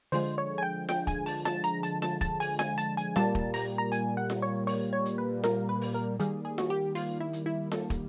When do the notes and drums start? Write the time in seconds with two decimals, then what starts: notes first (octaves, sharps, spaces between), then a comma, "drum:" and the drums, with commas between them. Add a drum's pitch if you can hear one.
0.12 D3 F3 G#3 C5, drum: open hi-hat
0.38 C#5
0.58 G#5
0.63 G5
0.89 G5, drum: snare F4
1.07 G#5, drum: kick, hi-hat
1.26 A5, drum: open hi-hat
1.45 A5, drum: snare F4
1.64 A#5, drum: hi-hat
1.83 A5, drum: hi-hat
2.02 A5, drum: snare F4
2.21 A5, drum: kick, hi-hat
2.40 G#5, drum: open hi-hat
2.59 G#5, drum: snare F4
2.78 A5, drum: hi-hat
2.97 G#5, drum: hi-hat
3.16 A#2 G3 A#3 A5, drum: snare F4
3.35 drum: kick
3.54 A#5, drum: open hi-hat
3.78 A#5
3.92 G#5, drum: hi-hat
4.17 F#5
4.30 drum: snare F4
4.42 C#5
4.67 C#5, drum: open hi-hat
4.93 C#5
5.06 drum: hi-hat
5.18 B4
5.44 A#4, drum: snare F4
5.69 B4
5.81 drum: open hi-hat
5.94 A#4
6.19 D#3 G3 A#3 G#4, drum: hi-hat
6.45 G#4
6.58 F#4, drum: snare F4
6.70 G4
6.95 F4, drum: open hi-hat
7.20 E4
7.33 drum: hi-hat
7.46 E4
7.72 A4, drum: snare F4
7.90 drum: kick, hi-hat